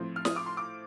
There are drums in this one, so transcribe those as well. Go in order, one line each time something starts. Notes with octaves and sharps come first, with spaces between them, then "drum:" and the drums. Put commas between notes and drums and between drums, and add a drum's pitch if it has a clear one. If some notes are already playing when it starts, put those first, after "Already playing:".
Already playing: A2 F3 C4
F6
D#6, drum: snare
D6
C6
D6